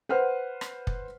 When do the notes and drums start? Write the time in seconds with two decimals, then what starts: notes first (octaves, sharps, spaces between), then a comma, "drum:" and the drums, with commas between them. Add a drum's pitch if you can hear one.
0.09 B4 C5 F#5 F6
0.61 drum: rim click
0.87 drum: kick